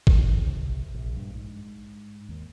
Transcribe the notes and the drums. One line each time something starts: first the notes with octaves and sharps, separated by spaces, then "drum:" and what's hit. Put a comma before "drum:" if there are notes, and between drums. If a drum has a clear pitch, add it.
drum: kick
D#3
C2
A#1
G2
G#2
D#2